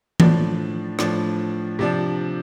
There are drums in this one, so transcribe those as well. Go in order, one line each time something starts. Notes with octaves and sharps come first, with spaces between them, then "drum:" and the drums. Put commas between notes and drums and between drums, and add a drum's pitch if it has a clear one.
A2 F3 D4, drum: tom E3
A2 F3 D4, drum: rim click
C3 F3 D4